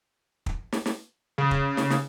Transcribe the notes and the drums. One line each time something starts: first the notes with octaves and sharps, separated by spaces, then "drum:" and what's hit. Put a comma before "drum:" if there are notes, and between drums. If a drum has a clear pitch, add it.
drum: kick
drum: snare
drum: snare
C#3
drum: kick
drum: snare
drum: snare